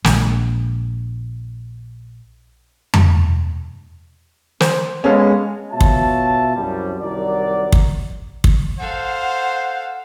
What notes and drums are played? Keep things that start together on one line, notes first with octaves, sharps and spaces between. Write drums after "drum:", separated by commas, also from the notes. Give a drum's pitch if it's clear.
A#1 G#3, drum: snare
drum: tom F2
C5, drum: snare
G#3 B3 C#4 A4 F5
B2 F4 C#5 E5 A5
drum: kick
C2 F#2 G3
C2 D#3 F#3 F#4 A#4 D5
drum: kick
drum: kick
A4 C5 F5 F#5